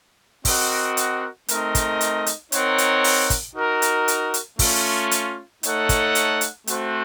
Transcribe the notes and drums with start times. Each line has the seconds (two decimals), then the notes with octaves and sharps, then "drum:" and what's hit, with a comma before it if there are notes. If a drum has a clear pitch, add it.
0.45 C4 F#4 A#4 D#5 F#5, drum: kick, open hi-hat
0.97 drum: hi-hat
1.48 A3 C4 D#4 A#4 D#5, drum: hi-hat
1.75 drum: kick, hi-hat
2.01 drum: hi-hat
2.26 drum: hi-hat
2.52 C4 D#4 A#4 C#5 F#5, drum: hi-hat
2.78 drum: hi-hat
3.04 drum: open hi-hat
3.30 drum: kick, hi-hat
3.55 D#4 F#4 A#4
3.82 drum: hi-hat
4.08 drum: hi-hat
4.34 drum: hi-hat
4.59 A3 C#4 F4, drum: kick, open hi-hat
5.11 drum: hi-hat
5.63 A3 D#4 A4 C#5 F#5, drum: hi-hat
5.89 drum: kick, hi-hat
6.15 drum: hi-hat
6.41 drum: hi-hat
6.67 A3 C4 F#4 C5, drum: hi-hat